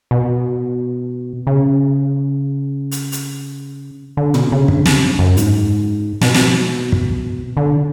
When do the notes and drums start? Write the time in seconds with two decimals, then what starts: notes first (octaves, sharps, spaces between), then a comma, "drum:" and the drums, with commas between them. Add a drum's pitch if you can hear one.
0.11 B2
1.47 C#3
2.91 drum: hi-hat
3.12 drum: hi-hat
4.17 D3
4.34 B2, drum: tom
4.52 C#3
4.68 D3, drum: kick
4.85 C#3, drum: snare
5.19 F#2
5.37 G#2, drum: hi-hat
6.21 B2, drum: snare
6.34 drum: snare
6.92 drum: kick
7.57 D3